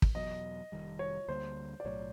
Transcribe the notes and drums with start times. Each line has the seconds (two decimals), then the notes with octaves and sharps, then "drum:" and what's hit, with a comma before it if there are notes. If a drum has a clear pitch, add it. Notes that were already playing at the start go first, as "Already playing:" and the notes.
0.02 drum: kick
0.15 E2 B2 F#3 D#5
0.72 F1 D#2 D#3 G3
0.99 C#5
1.28 D2 D3 G3 A#3 C5
1.80 D5
1.85 B1 A2 F#3 C#5